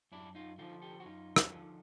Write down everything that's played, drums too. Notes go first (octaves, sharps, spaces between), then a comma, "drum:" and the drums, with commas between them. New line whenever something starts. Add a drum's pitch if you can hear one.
F#2 D4 E4
D#4 F4
D3 F3 D#4 F4
G4 A4
F#4
F#2 D#4 F4
drum: rim click
D3 F3